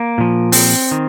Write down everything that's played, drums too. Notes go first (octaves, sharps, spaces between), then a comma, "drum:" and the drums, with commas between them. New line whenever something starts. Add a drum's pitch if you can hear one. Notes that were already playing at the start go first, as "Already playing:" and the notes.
Already playing: A#3
A#2 F3
C4, drum: open hi-hat
D#3